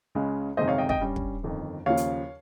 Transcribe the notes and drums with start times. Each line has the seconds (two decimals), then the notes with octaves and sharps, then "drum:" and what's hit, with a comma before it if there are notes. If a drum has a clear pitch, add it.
0.15 C#2 C#3 G#3 C#4
0.57 G1 F2 C3 D#3 G#3 C5 D#5
0.68 C#5 F5
0.78 D#5 G5
0.89 D#5 G5, drum: kick
1.00 G2 G3 C#4
1.16 drum: kick
1.43 G1 F2 D#3
1.86 D#2 C#3 F3 C#5 F5
1.97 drum: hi-hat